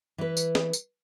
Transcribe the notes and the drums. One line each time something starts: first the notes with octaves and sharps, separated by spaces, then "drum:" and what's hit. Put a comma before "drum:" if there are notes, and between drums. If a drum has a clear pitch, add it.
E3 B4
drum: tambourine
drum: snare
drum: tambourine